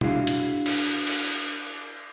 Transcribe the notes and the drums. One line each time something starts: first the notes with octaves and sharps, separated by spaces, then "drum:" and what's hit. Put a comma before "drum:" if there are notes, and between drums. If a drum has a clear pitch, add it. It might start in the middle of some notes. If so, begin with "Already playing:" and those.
D4 E4 F#4 G#4 F5, drum: tom
drum: hi-hat
drum: cymbal
drum: cymbal